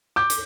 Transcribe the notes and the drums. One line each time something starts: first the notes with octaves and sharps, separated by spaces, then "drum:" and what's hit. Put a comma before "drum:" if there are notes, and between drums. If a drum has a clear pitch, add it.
D6 G6
drum: hi-hat